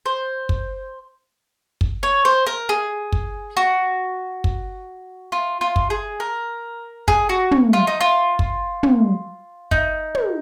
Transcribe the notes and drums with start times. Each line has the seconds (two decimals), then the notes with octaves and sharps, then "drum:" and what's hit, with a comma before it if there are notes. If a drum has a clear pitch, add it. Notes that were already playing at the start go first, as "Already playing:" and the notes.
0.06 C5
0.49 drum: kick
1.81 drum: kick
2.03 C#5
2.25 C5
2.47 A#4
2.69 G#4
3.12 drum: kick
3.57 F#4
4.44 drum: kick
5.32 F4
5.61 F4
5.76 drum: kick
5.90 G#4
6.20 A#4
7.08 G#4, drum: kick
7.29 F#4
7.51 drum: tom
7.73 F4
7.87 D#4
8.01 F4
8.39 drum: kick
8.83 drum: tom
9.71 D#4, drum: kick
10.15 drum: tom